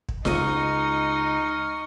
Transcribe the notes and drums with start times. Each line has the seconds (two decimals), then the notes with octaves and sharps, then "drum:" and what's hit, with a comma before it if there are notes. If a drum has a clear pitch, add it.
0.09 drum: kick
0.25 C#2 D#4 D#5 C#6 F6 D#7, drum: snare F4